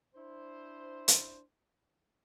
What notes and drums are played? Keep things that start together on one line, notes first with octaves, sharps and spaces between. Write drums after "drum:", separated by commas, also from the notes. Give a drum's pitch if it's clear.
D4 E4 C5
drum: hi-hat